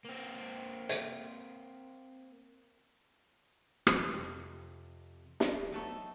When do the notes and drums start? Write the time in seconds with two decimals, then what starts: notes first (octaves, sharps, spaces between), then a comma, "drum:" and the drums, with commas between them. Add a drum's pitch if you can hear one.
0.05 A#3 C4
0.89 drum: hi-hat
3.87 drum: rim click
4.13 F2 C3
5.40 F3, drum: snare
5.72 F#3 A3 B3 D#4 A4 C#6